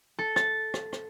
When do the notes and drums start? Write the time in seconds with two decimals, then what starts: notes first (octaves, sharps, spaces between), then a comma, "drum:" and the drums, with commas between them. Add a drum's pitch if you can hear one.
0.19 A4
0.36 A6, drum: rim click
0.74 drum: rim click
0.93 drum: rim click